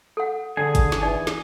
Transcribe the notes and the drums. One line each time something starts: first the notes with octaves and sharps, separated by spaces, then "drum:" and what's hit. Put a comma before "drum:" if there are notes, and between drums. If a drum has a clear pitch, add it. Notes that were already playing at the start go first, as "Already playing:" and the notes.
A4 F#5
D3 G#4 G#5
drum: kick, hi-hat
drum: snare
E3 D#4 D5
drum: snare